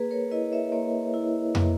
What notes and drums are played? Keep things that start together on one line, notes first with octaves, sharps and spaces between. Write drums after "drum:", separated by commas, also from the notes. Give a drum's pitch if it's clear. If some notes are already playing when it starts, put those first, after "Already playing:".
Already playing: A#3 G#4 B4
A#4 C#5
E4 B4 D#5
C#5 E5
A#3 C#5 E5
E4
A#3, drum: tom F2